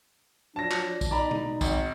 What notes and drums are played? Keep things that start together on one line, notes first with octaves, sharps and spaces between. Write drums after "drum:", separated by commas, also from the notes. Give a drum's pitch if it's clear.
F3 F#3 D4 A5 A#6
drum: clap
drum: kick, tambourine
B1 D#4 D5 A#5 B5
drum: tom B2
G#1, drum: kick, tambourine